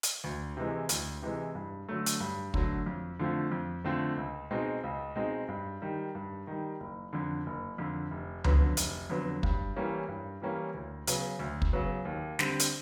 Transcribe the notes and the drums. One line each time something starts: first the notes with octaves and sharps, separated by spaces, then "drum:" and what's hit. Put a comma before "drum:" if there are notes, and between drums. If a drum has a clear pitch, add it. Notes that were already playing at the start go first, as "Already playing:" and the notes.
drum: hi-hat
D2
C3 E3 G#3
D2, drum: hi-hat
C3 E3 G#3
G2
D3 F#3 A3
drum: hi-hat
G2
D3 F#3 A3, drum: kick
F2
D3 F3 A3 C4
F2
D3 F3 A3 C4
C#2
B2 G#3 C4 D#4
C#2
B2 G#3 C4 D#4
G2
D#3 G3
G2
D#3 G3
F#1
F2 D3
F#1
F2 D3
F1
F2 D3 F#3 B3, drum: tom C#2
F1, drum: hi-hat
F2 D3 F#3 B3
G2, drum: kick
E3 G3 A#3 C#4
G2
E3 G3 A#3 C#4
D2
C#3 F#3 B3, drum: hi-hat
D2
drum: kick
C#3 F#3 B3
D#2
D3 G3 C4, drum: snare
drum: hi-hat